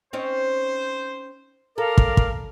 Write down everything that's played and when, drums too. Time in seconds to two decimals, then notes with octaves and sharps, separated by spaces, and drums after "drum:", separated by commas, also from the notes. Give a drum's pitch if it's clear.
0.13 C4 C#4 D#4 C5
1.78 A4 A#4 D5 F5
1.98 drum: kick
2.17 drum: kick